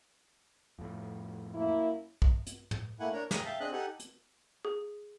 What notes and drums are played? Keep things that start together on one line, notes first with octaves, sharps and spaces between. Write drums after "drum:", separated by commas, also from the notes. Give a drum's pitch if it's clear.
F2 A2
F#2 A#3 E4
drum: kick
drum: hi-hat
drum: tom
A3 A#3 E4 F#5 G#5
D4 A#4 C#5
G5 G#5 A#5 D#6, drum: snare
E5 F5 G5 A5
C4 D4 G#4 D#5 F#6
D#4 G4 A4 F#5 G#5
drum: hi-hat
G#4